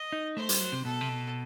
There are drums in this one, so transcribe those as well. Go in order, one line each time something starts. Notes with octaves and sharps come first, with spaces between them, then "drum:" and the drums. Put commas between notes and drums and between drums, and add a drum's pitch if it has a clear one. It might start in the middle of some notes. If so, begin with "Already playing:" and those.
Already playing: D#5
D#4
A3 C5
G3, drum: hi-hat
F#3
C3
B2 A4
C3
B2